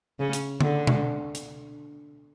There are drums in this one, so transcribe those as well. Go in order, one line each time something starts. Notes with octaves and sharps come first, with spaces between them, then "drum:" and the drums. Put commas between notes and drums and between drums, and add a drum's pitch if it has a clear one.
C#3 C#4
drum: hi-hat
D3 D4, drum: tom D3
drum: tom B2
drum: hi-hat